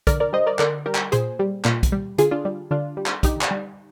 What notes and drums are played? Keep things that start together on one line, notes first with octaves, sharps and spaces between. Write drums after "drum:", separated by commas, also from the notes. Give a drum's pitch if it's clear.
D3 A#4 D5, drum: kick, hi-hat
A#4 D5
G3 C5 D#5
A#4 D5
D3 A#4 D5, drum: clap
G3 G4 A#4
drum: clap
A#2 G#4 C5, drum: hi-hat
G3
A#2, drum: clap
drum: kick, hi-hat
G3
D3 F4 G#4, drum: hi-hat
D4 F4
G3
D3 D4 F4
G3
drum: clap
D3 D#4 G4, drum: kick, hi-hat
drum: clap
G3